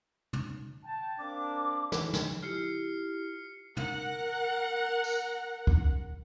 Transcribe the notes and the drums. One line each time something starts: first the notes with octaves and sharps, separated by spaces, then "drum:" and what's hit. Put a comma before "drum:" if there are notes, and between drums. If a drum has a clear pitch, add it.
drum: tom
G5 A5
A#3 C4 D4 D6
E3, drum: snare
drum: snare
E4 F4 G4 F6 C7 C#7
A#4 F#5, drum: tom
drum: tambourine
drum: kick